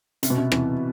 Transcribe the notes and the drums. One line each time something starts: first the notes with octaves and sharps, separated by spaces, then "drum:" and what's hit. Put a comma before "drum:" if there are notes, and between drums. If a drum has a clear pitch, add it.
C3, drum: hi-hat
B2
C3
C3 E3, drum: rim click